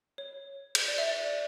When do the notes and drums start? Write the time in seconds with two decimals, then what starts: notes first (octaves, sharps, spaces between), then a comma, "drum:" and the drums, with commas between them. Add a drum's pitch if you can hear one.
0.18 C#5
0.75 drum: cymbal
0.88 D5
0.98 E5
1.09 D5